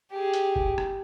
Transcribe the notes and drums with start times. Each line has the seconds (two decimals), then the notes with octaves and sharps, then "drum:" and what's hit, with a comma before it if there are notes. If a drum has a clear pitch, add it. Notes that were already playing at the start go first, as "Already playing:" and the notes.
0.11 G4 G#4
0.34 drum: hi-hat
0.56 drum: kick
0.78 drum: rim click